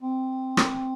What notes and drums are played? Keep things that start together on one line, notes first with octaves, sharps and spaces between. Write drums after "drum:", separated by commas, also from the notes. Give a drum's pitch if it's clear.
C4
drum: rim click